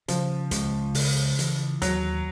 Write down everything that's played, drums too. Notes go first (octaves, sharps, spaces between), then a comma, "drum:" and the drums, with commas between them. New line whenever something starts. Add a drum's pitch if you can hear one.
C#3 F3, drum: hi-hat
C#2, drum: hi-hat
C#3, drum: open hi-hat
E3, drum: hi-hat
D#2 F#3, drum: hi-hat